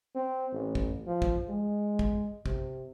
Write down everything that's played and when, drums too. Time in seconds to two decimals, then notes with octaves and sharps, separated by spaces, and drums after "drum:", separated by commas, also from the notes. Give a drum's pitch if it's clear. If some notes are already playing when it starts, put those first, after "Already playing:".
0.15 C4
0.53 A1
0.75 drum: kick
1.06 F3
1.22 drum: kick
1.49 G#3
1.99 drum: kick
2.46 C3, drum: kick